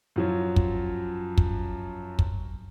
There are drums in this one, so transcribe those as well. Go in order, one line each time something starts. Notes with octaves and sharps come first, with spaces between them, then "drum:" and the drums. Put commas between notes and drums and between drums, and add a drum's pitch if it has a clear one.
F#2 F3 F#3
drum: kick
drum: kick
drum: kick